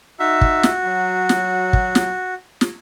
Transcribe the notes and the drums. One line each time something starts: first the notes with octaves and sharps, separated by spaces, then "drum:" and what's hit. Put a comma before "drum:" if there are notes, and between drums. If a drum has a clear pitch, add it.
D#4 F#4 E5
drum: kick
drum: snare
F#3
drum: snare
drum: kick
drum: snare
drum: snare